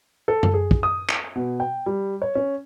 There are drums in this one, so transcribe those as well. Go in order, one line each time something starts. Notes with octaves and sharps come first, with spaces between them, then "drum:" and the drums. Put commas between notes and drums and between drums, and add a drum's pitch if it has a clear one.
A4
drum: tom F#2
G#4
drum: kick
D#6
drum: clap
B2
G5
G3
C#5
C#4